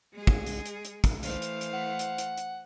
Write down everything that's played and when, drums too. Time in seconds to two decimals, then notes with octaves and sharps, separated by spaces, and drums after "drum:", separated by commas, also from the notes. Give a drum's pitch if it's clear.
0.13 G#3 G#4
0.27 drum: kick
0.46 drum: hi-hat
0.66 drum: hi-hat
0.85 drum: hi-hat
1.04 drum: kick, hi-hat
1.23 E3 A3 C5 F5, drum: hi-hat
1.42 drum: hi-hat
1.61 drum: hi-hat
1.73 F#5
1.99 drum: hi-hat
2.18 drum: hi-hat
2.37 drum: hi-hat